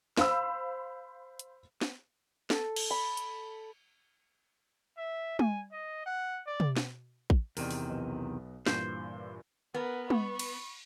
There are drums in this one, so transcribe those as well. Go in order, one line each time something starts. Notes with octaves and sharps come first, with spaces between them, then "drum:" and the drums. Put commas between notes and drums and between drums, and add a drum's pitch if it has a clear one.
C5 F5 B5 E6, drum: snare
drum: hi-hat
drum: snare
A4, drum: snare
drum: cymbal
B5
drum: hi-hat
E5
G#5, drum: tom
D#5
F#5
D5
drum: tom
drum: snare
drum: kick
E2 C3 D#3 A#4 D5, drum: open hi-hat
drum: open hi-hat
B1 B3 D#5
G2 A#2 E3 C5, drum: snare
B3 A#4 B4
B5 C#6, drum: tom
drum: cymbal